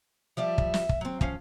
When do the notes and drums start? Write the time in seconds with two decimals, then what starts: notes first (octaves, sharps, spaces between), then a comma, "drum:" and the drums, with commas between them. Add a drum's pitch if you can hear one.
0.37 F3 G3 D5 E5
0.58 drum: kick
0.74 drum: snare
0.89 drum: kick
1.01 F#3 C4
1.21 F3 C#4 F5, drum: kick